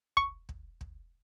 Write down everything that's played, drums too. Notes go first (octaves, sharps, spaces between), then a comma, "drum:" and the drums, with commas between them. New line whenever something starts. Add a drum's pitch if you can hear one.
C#6, drum: kick
drum: kick
drum: kick